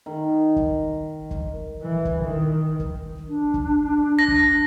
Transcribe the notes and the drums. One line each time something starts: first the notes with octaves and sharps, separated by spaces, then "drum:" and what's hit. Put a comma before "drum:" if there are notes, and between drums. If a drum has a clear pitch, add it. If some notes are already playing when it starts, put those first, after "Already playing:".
D#3
drum: kick
drum: kick
E3
drum: kick
D#3
drum: kick
D4
drum: kick
A#6
drum: kick